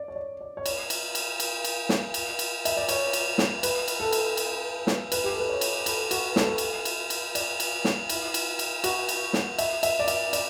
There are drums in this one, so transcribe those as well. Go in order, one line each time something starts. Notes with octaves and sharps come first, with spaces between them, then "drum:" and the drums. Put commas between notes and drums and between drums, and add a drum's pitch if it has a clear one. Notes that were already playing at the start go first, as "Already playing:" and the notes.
Already playing: D5
C#5
D5
D5
C#5
D5, drum: cymbal
drum: cymbal
drum: cymbal
drum: cymbal
drum: cymbal
drum: snare
drum: cymbal
drum: cymbal
E5, drum: cymbal
D5
C#5, drum: cymbal
drum: cymbal
drum: snare
B4, drum: cymbal
drum: cymbal
A4
drum: cymbal
drum: cymbal
drum: snare
B4, drum: cymbal
G4
A4
B4
C#5
drum: cymbal
A4, drum: cymbal
F#4, drum: cymbal
A4, drum: snare
B4
A4, drum: cymbal
drum: cymbal
drum: cymbal
D5, drum: cymbal
drum: cymbal
drum: snare
E4, drum: cymbal
drum: cymbal
drum: cymbal
F#4, drum: cymbal
drum: cymbal
drum: snare
E5, drum: cymbal
E5, drum: cymbal
D5
E5, drum: cymbal
D5, drum: cymbal